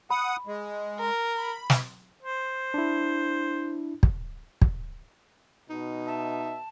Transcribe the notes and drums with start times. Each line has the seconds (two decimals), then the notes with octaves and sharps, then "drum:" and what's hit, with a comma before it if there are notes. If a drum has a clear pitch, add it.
0.10 F#5 B5 D#6
0.47 G#3
0.99 A#4
1.38 B5
1.70 drum: snare
2.23 C5
2.74 D4 E4
4.03 drum: kick
4.62 drum: kick
5.70 B2 D#4
6.07 E5 A5